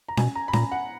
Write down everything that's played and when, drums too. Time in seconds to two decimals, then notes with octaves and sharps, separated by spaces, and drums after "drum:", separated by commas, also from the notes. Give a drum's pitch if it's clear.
0.09 A#5
0.17 B2 G#5, drum: snare C#4
0.35 A#5
0.48 B5
0.53 A#2 A#5, drum: snare C#4
0.72 F#5